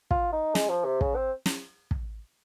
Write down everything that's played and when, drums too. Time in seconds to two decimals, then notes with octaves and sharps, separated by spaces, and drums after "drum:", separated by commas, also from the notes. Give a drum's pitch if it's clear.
0.11 F4, drum: kick
0.33 D#4
0.55 G#3, drum: snare
0.70 F3
0.85 C3
1.01 C#3, drum: kick
1.16 C4
1.46 drum: snare
1.91 drum: kick